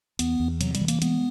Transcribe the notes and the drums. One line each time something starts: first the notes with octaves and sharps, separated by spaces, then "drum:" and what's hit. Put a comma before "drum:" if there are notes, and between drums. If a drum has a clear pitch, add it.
E2 B3, drum: hi-hat
E2
C3 F#3, drum: hi-hat
G3, drum: hi-hat
E3
A#3, drum: hi-hat
G#3 B3, drum: hi-hat